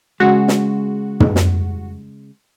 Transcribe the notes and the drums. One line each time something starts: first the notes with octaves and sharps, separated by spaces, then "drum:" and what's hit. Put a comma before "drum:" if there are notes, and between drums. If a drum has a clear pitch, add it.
C#3 G#3 F#4
drum: snare
drum: tom
drum: snare